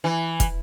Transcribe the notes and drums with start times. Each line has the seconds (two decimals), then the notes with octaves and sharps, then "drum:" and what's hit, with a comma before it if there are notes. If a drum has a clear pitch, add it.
0.04 E3
0.40 drum: kick, hi-hat